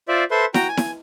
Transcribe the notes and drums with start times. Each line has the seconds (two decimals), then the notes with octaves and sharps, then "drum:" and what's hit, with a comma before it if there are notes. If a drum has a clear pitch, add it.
0.08 F4 C5 D5 E5
0.31 A4 B4 C5 E5 C6
0.54 F#4 G5 A#5, drum: snare E4
0.68 G#5
0.77 drum: snare E4